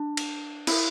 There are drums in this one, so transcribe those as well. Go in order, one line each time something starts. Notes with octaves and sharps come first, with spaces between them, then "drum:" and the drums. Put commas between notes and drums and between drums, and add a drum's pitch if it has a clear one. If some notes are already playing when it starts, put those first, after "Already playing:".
Already playing: D4
drum: cymbal
E4, drum: cymbal